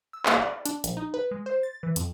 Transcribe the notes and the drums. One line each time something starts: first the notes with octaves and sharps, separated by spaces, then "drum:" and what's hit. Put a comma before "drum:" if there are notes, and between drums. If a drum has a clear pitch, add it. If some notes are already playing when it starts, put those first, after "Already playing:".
E6
A#3, drum: clap
D5
D4, drum: hi-hat
A#1, drum: hi-hat
D#4
B4
G#3
C5
A6
E3
F2, drum: hi-hat